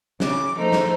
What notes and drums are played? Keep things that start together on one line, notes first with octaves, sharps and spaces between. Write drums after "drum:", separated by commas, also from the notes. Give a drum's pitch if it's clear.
C#3 D6, drum: snare
F3 A3 D#4 C5
drum: snare